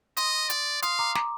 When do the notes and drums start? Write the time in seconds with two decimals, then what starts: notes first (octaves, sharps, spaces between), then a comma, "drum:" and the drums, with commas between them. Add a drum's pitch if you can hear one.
0.17 D#5 C6 D#6, drum: hi-hat
0.50 D5, drum: hi-hat
0.82 F5 C6 D#6, drum: hi-hat
0.99 A#5 D6
1.15 A#5 D6, drum: snare